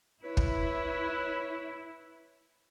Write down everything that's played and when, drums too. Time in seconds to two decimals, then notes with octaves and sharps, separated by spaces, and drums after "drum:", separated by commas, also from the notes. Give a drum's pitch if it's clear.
0.23 E4 B4 C#5
0.37 drum: kick